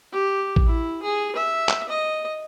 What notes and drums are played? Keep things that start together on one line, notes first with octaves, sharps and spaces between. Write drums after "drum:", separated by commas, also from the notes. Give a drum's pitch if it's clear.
G4
drum: kick A1
E4
G#4
E5
drum: clap
D#5